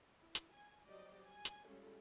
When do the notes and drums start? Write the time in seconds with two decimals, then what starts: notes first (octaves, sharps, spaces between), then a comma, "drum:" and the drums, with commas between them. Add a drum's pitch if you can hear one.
0.20 E4
0.35 drum: hi-hat
0.52 G#5
0.88 F#3 G3 G4 C5 D5 D#5
1.27 G#5
1.45 drum: hi-hat
1.67 G3 G#3 C#4 E4 F4 A4